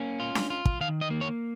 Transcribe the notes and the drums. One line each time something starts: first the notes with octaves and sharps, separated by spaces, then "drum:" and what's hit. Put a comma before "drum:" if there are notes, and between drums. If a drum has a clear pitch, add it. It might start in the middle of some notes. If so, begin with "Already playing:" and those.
Already playing: A#3 C#4
F4
drum: snare D4
F4
drum: kick
D#3 F5
D#5
A#3
C#5